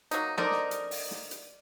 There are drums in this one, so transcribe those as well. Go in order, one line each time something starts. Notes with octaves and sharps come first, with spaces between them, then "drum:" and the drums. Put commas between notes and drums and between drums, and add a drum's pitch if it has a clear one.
F#3 A#3 D#4, drum: hi-hat
D3 C4 D#4 A#4 D5 D#5
drum: snare
drum: hi-hat
drum: open hi-hat
drum: snare
drum: hi-hat